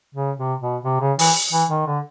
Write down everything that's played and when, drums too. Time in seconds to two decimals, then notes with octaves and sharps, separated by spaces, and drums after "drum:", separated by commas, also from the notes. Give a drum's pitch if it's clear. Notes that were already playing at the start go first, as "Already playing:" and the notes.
0.15 C#3
0.38 C3
0.61 B2
0.84 C3
1.01 C#3
1.19 E3, drum: open hi-hat
1.53 E3
1.70 D#3
1.87 D3